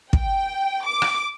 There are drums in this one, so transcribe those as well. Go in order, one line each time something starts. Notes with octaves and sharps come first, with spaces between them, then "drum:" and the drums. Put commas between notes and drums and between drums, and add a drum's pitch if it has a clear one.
G5, drum: kick
D6
drum: rim click